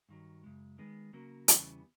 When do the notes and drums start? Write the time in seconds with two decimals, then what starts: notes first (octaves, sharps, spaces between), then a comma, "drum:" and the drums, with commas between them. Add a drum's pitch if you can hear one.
0.09 G2 D#3 F#3
0.44 F#2 C#3 G#3
0.78 D#3 G#3 B3
1.13 C#3 F#3 A#3
1.48 E2 C#3 E3 G3 B3, drum: hi-hat